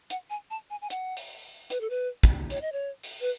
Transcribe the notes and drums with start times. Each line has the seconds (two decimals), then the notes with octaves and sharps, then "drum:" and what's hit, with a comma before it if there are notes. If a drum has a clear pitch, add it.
0.10 F#5, drum: hi-hat
0.30 G#5
0.50 A5
0.70 G#5
0.82 G#5
0.90 F#5, drum: hi-hat
1.17 drum: open hi-hat
1.70 B4, drum: hi-hat
1.81 A4
1.90 B4
2.23 drum: kick, hi-hat
2.50 C#5, drum: hi-hat
2.61 D#5
2.72 C#5
3.03 drum: open hi-hat
3.21 B4